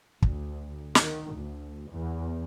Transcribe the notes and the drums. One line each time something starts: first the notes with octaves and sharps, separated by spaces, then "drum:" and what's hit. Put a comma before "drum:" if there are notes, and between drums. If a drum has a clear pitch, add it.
D2, drum: kick
D#3, drum: snare
D2
E2